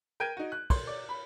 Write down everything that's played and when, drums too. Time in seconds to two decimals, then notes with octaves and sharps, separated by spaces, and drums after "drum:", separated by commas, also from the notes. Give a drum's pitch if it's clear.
0.20 A#4 G5 G6 G#6 D7 D#7
0.37 D#4 F#4
0.52 F#6
0.70 C6, drum: kick, cymbal
0.87 D5
1.09 B5